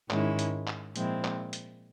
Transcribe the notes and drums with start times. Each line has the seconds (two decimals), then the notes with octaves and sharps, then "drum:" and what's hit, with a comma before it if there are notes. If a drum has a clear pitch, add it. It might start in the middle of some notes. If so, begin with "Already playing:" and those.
0.10 G#2 D#3 G#3 C#4 E4, drum: clap
0.39 drum: hi-hat
0.67 drum: clap
0.96 A#2 F3 G#3 C4 E4, drum: hi-hat
1.24 drum: clap
1.53 drum: hi-hat